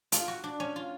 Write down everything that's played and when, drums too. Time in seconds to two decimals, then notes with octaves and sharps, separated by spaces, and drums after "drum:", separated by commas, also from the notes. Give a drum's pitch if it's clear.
0.12 F4, drum: hi-hat
0.28 F#4
0.44 D4
0.60 C#4
0.76 F4